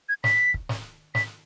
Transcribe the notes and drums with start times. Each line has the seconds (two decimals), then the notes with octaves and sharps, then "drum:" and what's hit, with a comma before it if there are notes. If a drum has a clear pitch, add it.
0.09 G#6
0.24 B6, drum: snare
0.54 drum: kick
0.69 drum: snare
1.15 B6, drum: snare